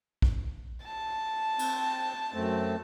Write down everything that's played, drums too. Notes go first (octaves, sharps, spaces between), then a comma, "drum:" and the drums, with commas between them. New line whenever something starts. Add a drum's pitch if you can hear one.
drum: kick A#1
A5
C4, drum: cymbal
F#2 A3 C4